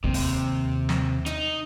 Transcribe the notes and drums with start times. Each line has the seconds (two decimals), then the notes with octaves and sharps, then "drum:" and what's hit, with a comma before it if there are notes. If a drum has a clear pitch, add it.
0.04 D#2 C3
0.14 drum: open hi-hat
0.89 drum: snare
1.26 D#4, drum: hi-hat